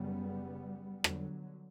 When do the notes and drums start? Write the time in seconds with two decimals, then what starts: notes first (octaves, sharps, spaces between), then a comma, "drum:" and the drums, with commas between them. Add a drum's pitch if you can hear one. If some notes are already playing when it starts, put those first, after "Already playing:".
Already playing: F#1 F#2 C#3 G3 B3
1.04 D3 F#3, drum: rim click